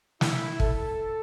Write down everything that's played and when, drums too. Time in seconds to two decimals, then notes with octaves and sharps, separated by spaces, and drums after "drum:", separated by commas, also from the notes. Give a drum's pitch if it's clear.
0.21 E4, drum: snare
0.60 A4, drum: kick